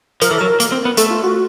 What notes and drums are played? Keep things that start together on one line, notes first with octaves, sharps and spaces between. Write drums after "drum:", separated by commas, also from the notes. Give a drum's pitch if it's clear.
F3 A#4, drum: hi-hat
E3 A4
F#3 A#4
A#3, drum: hi-hat
C4
B3
A3 A4, drum: hi-hat
F4
F#4